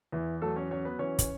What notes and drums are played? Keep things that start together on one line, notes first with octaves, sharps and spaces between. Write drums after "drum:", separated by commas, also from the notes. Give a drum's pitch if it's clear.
E2 E3 E4
F#3 A3 A4
C#4 C#5
F#3 C#4 C#5
B3 B4
E3 C#4 C#5
drum: kick, hi-hat